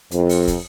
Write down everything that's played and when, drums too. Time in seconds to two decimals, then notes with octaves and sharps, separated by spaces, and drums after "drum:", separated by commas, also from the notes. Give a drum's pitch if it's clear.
0.11 F2, drum: hi-hat
0.29 drum: open hi-hat
0.48 drum: kick, hi-hat